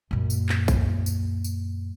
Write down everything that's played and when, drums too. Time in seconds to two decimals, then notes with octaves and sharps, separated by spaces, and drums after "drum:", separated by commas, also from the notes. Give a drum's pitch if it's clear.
0.11 F#2 A#2
0.30 drum: tambourine
0.49 drum: clap
0.68 drum: kick, tambourine
1.06 drum: tambourine
1.44 drum: tambourine